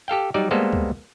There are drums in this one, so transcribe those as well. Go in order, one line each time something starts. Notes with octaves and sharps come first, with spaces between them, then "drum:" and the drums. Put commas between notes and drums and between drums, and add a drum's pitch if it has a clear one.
G4 A4 F5 G5
F#3 G3 D#4 D5
G3 G#3 A#3 B3 A4 C5
drum: kick C#2